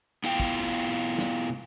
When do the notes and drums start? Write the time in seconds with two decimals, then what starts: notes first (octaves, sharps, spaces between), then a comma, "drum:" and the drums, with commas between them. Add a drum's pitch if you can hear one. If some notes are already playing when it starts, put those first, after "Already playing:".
0.24 B3 E4 F4 G5
0.40 drum: kick
1.18 drum: snare
1.50 drum: tom